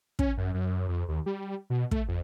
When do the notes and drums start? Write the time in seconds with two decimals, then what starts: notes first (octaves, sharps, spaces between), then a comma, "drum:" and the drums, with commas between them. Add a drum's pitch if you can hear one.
0.19 C#4, drum: kick
0.37 F#2
0.54 F#2
0.88 F2
1.08 D#2
1.26 G3
1.70 B2
1.91 A3, drum: kick
2.08 F2